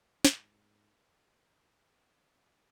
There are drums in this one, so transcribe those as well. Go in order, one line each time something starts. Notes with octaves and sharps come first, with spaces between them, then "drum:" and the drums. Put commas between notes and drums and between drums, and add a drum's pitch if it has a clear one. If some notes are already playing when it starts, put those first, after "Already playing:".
G#2, drum: snare